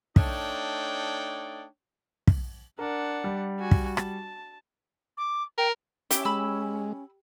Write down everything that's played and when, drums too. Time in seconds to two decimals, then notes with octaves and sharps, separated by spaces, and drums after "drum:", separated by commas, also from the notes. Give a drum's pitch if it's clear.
0.16 A3 D4 D#4 C#5 D5 G5, drum: kick
2.27 drum: kick
2.79 D4 A#4 F#5
3.24 G3
3.59 F#4 G#5
3.71 drum: kick
3.97 A5, drum: rim click
5.17 D6
5.58 A#4 G5
6.11 C#4 E4 G4, drum: hi-hat
6.25 G#3 B5 E6